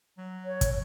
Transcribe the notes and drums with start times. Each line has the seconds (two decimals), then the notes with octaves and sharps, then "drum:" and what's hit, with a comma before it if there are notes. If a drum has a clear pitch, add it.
0.17 F#3
0.45 C#5
0.61 drum: kick, hi-hat